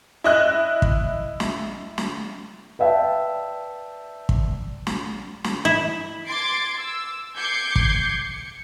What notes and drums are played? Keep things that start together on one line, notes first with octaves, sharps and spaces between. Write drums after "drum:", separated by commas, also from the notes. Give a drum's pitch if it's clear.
E4 D#5 F#6
drum: kick
drum: snare
drum: snare
B4 D5 E5 G5 A5
drum: kick
drum: snare
drum: snare
E4
C6 D6 G#6 A6 C7 D7
E6
D6 G6 G#6 C7 C#7
drum: kick
C#7